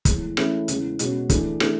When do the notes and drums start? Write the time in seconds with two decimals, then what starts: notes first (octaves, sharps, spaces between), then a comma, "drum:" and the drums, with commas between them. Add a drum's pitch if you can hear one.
0.05 A2 E3 G#3, drum: kick, hi-hat
0.37 E3 A3 C#4 E4 G#4, drum: rim click
0.68 E2 C#3 G#3, drum: hi-hat
0.99 B2 G#3 C#4 F#4, drum: hi-hat
1.30 E3 A3 D4 G#4, drum: kick, hi-hat
1.60 E3 A3 D4 G#4, drum: rim click